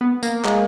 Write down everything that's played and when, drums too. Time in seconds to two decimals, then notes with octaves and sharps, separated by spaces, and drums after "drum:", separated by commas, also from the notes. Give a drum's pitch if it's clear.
0.01 B3
0.23 A#3, drum: tambourine
0.45 G#3, drum: clap